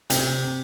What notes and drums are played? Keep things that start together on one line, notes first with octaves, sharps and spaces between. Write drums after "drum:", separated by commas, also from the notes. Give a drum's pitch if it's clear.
C3, drum: hi-hat